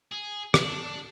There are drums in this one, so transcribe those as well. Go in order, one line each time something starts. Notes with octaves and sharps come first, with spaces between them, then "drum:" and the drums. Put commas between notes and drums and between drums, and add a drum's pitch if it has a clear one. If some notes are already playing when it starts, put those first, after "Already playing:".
G#4
D4, drum: rim click